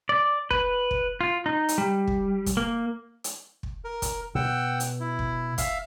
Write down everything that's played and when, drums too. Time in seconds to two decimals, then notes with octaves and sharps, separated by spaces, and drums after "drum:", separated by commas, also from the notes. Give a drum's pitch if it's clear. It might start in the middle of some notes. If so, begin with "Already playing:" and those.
0.09 D5
0.51 B4, drum: kick
0.91 drum: kick
1.21 F4
1.46 D#4
1.69 drum: hi-hat
1.78 G3
2.07 drum: kick
2.46 drum: kick, hi-hat
2.57 A#3
3.24 drum: hi-hat
3.63 drum: kick
3.84 A#4
4.02 drum: kick, hi-hat
4.35 B2 F#5 G5 E6
4.80 drum: hi-hat
5.00 E4
5.19 drum: kick
5.58 E5 F5, drum: kick, hi-hat